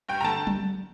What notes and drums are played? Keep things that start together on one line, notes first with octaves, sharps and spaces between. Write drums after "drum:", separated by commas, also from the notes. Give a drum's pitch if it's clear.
G2 G5
A#5
D3 A5
drum: tom F#3